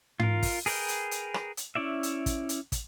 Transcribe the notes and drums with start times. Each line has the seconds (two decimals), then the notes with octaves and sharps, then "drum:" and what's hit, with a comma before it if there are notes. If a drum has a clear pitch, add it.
0.20 F4 A#4, drum: tom G#2
0.43 drum: kick, open hi-hat
0.66 G#4 A#4 B4 C#5 G5, drum: open hi-hat
0.88 drum: hi-hat
1.11 drum: hi-hat
1.34 drum: rim click
1.57 drum: hi-hat
1.75 C#4 E4 D5 E5
2.03 drum: hi-hat
2.26 drum: kick, hi-hat
2.49 drum: hi-hat
2.72 drum: kick, hi-hat